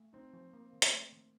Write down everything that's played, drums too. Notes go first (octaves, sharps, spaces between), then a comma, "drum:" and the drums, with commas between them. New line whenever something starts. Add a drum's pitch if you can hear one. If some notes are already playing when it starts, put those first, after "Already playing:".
Already playing: A3
C4 D#4
F3
A#3
D#3
drum: hi-hat
A3
D#3